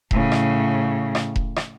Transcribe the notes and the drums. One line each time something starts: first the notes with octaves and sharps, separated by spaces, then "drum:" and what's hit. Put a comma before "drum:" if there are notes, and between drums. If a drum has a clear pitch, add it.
A2 C#3, drum: kick E1
drum: rim click
drum: rim click
drum: kick E1
drum: rim click